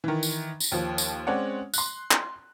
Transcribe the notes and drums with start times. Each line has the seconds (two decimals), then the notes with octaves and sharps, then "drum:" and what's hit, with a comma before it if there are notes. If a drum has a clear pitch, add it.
0.04 D#3 E3
0.23 drum: tambourine
0.60 drum: tambourine
0.72 D#2 F3
0.98 drum: tambourine
1.27 G#3 C4 C#4 C#5 D5 F#5
1.74 C6 F#6, drum: tambourine
2.11 drum: clap